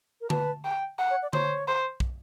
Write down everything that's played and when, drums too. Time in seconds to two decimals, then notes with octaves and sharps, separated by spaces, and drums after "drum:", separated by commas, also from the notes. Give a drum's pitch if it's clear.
0.21 A#4
0.30 B4 A5, drum: tom D3
0.65 G5
0.99 F#5
1.10 C#5
1.22 D5
1.33 C5 C#5, drum: tom D3
1.68 C5
2.00 drum: kick